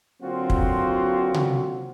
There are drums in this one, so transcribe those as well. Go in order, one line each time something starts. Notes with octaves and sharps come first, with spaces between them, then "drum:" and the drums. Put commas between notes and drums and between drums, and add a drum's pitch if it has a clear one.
D3 F#3 A#3 C4 F4 F#4
drum: kick
drum: tom C3